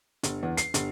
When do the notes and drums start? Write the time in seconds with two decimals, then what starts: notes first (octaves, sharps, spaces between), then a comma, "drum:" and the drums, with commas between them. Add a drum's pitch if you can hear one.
0.23 G1, drum: hi-hat
0.43 E2
0.57 C7, drum: hi-hat
0.74 G1, drum: hi-hat